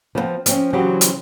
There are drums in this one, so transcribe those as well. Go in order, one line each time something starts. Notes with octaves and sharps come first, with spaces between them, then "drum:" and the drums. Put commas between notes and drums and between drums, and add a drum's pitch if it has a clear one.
F3 G3 B3 C4
F3 C4 C#4, drum: hi-hat
C#3 E3 F#3 C4 F#4 G4
drum: hi-hat